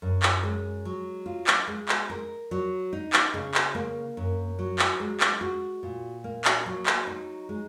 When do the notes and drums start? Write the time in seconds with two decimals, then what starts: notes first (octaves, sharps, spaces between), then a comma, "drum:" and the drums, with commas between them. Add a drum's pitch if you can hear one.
0.02 F#2
0.23 drum: clap
0.43 G#3
0.85 F#3
1.26 F4
1.47 drum: clap
1.67 G#3
1.88 drum: clap
2.10 A#4
2.51 F#3
2.93 D#4
3.13 drum: clap
3.34 C#3
3.54 drum: clap
3.75 A#3
4.17 F#2
4.59 F#3
4.79 drum: clap
5.00 G#3
5.20 drum: clap
5.41 F#4
5.83 A#2
6.24 A#3
6.45 drum: clap
6.66 F#3
6.86 drum: clap
7.07 D#4
7.49 G#3